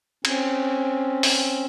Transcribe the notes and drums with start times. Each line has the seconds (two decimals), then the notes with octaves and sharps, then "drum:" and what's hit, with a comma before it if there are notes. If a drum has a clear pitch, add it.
0.25 C4 C#4, drum: cymbal
1.23 drum: open hi-hat